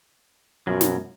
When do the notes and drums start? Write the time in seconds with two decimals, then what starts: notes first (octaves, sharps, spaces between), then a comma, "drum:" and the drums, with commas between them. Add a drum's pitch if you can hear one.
0.67 F#2 B2 F3 F#3
0.81 drum: snare